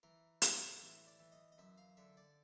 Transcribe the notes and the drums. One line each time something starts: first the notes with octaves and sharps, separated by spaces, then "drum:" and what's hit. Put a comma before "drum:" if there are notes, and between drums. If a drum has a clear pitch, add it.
E3 A#4
A2, drum: hi-hat
E3
D5
E3
D#5
D#5
F#2 E5
F5
D3 E5
D5